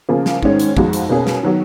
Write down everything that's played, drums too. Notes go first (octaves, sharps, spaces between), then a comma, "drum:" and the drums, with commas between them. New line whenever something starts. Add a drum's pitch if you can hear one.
C#3 F3 A#3 F4 G#4
drum: snare
G#2 D#3 G#3 C#4, drum: kick
drum: hi-hat
F2 F3 G#3 D#4 F#4, drum: kick
drum: hi-hat
B2 A#3 C#4 G#4
drum: snare
D#3 F#3 B3 F#4